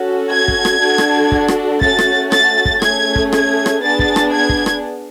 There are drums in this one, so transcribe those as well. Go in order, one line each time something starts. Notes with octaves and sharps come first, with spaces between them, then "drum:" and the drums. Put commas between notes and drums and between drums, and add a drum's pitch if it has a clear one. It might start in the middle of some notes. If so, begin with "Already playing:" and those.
Already playing: C#4 F#4 A4
G#6
drum: kick
drum: rim click
D4 F#4 A4
drum: rim click
drum: kick
drum: rim click
A3 C#4 F#4 A6, drum: kick
drum: rim click
A6, drum: rim click
drum: kick
A3 C#4 G#4 G#6, drum: rim click
drum: kick
G#6, drum: rim click
drum: rim click
B3 D4 G#4 A6
drum: kick
drum: rim click
G#6
drum: kick
drum: rim click